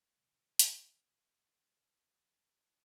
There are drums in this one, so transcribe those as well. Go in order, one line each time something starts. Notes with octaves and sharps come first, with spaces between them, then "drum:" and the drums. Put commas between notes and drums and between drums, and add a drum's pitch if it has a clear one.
A#2 C#3 E3 G3 G#3
drum: hi-hat